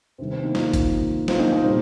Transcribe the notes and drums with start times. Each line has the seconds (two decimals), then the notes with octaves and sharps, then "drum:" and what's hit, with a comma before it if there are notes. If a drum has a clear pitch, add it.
0.18 C3 D#3 G3 C4
0.32 C4
0.43 A#3 D#4
0.55 C4 F4, drum: snare
0.73 drum: kick G#1, hi-hat
1.28 C4 F4, drum: snare
1.39 A#3 D#4
1.53 A#3
1.64 A#2 G3 C4